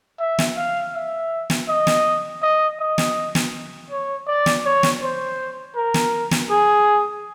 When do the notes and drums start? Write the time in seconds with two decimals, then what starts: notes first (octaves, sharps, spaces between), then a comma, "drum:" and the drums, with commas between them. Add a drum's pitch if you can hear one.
0.20 E5
0.39 drum: snare
0.57 F5
0.94 E5
1.50 drum: snare
1.68 D#5
1.87 drum: snare
2.42 D#5
2.80 D#5
2.98 drum: snare
3.35 drum: snare
3.90 C#5
4.27 D5
4.46 drum: snare
4.65 C#5
4.83 drum: snare
5.02 C5
5.76 A#4
5.94 drum: snare
6.31 drum: snare
6.50 G#4